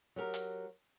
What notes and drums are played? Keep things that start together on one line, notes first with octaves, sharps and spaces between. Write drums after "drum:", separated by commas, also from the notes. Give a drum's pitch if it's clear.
F#3 G4 A#4
drum: hi-hat